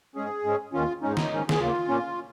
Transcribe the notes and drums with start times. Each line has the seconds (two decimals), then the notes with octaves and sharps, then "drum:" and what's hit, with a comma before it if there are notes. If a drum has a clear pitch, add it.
0.15 G#2 G#3 C#4 G#4
0.44 G#2 G#3 C#4
0.73 D#2 D#3 C#4 F4
1.02 G#2 G#3 C#4 D#4
1.17 drum: snare
1.31 G#2 D#3 C#4
1.49 G#4, drum: snare
1.59 D#2 C#3 A#3 F4
1.88 A#2 A#3 C#4